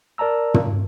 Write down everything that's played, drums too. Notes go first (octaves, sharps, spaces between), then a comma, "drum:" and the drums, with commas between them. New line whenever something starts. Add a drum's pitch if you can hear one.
A#4 D5 A5 A#5 E6
drum: tom